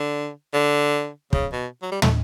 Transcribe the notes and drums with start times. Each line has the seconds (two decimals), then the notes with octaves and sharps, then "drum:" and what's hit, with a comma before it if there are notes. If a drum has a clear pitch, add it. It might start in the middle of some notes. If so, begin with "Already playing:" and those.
Already playing: D3
0.54 D3
1.33 C#3, drum: kick
1.53 B2
1.82 F#3
1.91 G3
2.02 A3, drum: tom